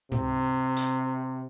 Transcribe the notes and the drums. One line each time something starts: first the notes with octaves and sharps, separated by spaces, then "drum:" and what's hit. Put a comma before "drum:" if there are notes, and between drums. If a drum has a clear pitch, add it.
C3, drum: tom G#2
drum: hi-hat